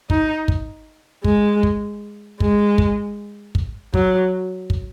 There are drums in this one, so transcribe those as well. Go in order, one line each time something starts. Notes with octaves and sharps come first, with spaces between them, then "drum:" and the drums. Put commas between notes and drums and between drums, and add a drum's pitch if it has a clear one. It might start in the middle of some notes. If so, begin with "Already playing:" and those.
D#4, drum: kick
drum: kick
G#3, drum: kick
drum: kick
G#3, drum: kick
drum: kick
drum: kick
F#3, drum: kick
drum: kick